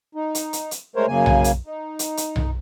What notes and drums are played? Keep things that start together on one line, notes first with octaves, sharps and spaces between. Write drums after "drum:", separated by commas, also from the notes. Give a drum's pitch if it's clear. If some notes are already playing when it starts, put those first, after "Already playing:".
D#4
drum: hi-hat
drum: hi-hat
drum: hi-hat
G#3 A3 A#4 C5 C#5
F#2 C#3 A#3 G#5
drum: tom B1
drum: hi-hat
D#4
drum: hi-hat
drum: hi-hat
drum: tom B1